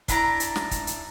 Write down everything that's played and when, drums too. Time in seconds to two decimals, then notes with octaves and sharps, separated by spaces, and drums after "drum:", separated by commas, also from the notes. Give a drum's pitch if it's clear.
0.08 D4 E4 A#5, drum: kick, hi-hat
0.40 drum: hi-hat
0.56 drum: snare
0.71 drum: kick, hi-hat
0.87 drum: hi-hat